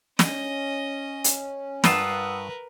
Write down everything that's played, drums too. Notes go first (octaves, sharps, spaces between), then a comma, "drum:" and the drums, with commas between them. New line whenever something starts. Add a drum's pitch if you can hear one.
C#4 D#5, drum: snare
drum: hi-hat
G2 F4 A#4 B4 F#5 A5 D#6 E6, drum: snare